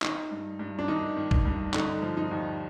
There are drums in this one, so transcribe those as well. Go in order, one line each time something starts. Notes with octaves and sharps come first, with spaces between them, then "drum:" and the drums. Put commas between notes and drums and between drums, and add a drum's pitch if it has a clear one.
D#3 D#4, drum: clap
G2
G2
D4
D#3 D#4
D#3
drum: kick
G2
D3 D#4, drum: clap
F3
D#4
D#2